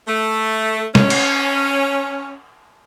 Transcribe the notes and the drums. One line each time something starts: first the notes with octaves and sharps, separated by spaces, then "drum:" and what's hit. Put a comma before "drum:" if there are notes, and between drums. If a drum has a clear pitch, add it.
A3
C#4, drum: snare
drum: cymbal